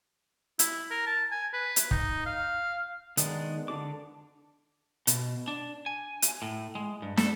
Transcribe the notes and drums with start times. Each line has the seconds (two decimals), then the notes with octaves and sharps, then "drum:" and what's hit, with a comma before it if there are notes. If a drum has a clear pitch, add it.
0.59 E4, drum: hi-hat
0.91 A#4
1.07 A5
1.31 G#5
1.53 B4
1.76 drum: hi-hat
1.91 D#4, drum: kick
2.26 F5
3.17 D#3 G#3 B3 D4 G#4, drum: hi-hat
3.68 D3 D4 F#4 D6
5.07 B2, drum: hi-hat
5.48 D4
5.86 G#5
6.22 drum: hi-hat
6.42 A2
6.75 G#3
7.02 G2
7.17 A4, drum: snare